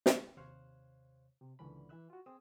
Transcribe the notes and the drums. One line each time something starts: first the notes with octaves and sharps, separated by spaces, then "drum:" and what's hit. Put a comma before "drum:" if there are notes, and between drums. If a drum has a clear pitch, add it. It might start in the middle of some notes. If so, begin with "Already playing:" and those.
drum: snare
D#2 C3 C5 C#5 F5 F#6
C3
C#2 A#2 D3 E3 C#4 B5
E3 E4 E5 E6 F#6
F4 F#4
C4 G#4 D#6 E6